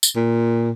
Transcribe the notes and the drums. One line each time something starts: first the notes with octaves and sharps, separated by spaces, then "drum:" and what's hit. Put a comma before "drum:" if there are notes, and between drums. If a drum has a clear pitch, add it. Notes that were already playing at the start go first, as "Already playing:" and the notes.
drum: tambourine
A#2